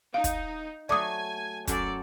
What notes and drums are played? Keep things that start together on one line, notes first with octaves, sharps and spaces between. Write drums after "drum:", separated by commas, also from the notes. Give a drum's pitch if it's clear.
D#4 F5
drum: kick, hi-hat
F#3 A3 D5 G#5 D6 D#6
F#2 F#3 A4 D5, drum: kick, hi-hat